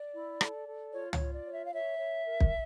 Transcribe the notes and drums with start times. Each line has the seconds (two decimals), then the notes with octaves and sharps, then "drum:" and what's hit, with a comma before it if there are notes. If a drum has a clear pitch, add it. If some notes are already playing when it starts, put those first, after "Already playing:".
Already playing: D5
0.14 E4
0.41 A4, drum: rim click
0.67 A4
0.93 F4 C#5
1.13 C#5, drum: tom
1.20 F4
1.34 D5
1.46 C#5
1.52 E5
1.65 F5
1.73 C#5 E5
1.99 C#5
2.25 A#4
2.40 drum: kick